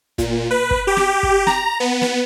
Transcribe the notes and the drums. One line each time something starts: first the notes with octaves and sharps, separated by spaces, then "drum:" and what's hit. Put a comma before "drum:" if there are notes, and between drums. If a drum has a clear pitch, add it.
A#2, drum: kick, hi-hat
B4
drum: kick
G4
drum: snare
drum: kick
A#5, drum: snare
B3
drum: snare